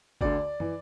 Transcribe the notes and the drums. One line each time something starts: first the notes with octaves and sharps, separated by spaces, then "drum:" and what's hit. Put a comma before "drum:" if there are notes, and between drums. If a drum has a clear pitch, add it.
D2 D3 D5, drum: kick G1
E3, drum: tom